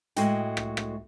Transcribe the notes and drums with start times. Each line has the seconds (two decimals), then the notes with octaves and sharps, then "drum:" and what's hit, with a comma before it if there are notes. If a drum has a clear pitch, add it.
0.16 A2 G#3 F#4 A4 D#5 G5, drum: hi-hat
0.57 drum: rim click
0.77 drum: rim click